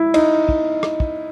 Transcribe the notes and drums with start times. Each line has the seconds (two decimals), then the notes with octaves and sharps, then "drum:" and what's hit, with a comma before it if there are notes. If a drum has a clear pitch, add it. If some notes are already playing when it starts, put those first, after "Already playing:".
Already playing: E4
0.14 D#4, drum: cymbal
0.49 drum: kick
0.83 drum: rim click
1.00 drum: kick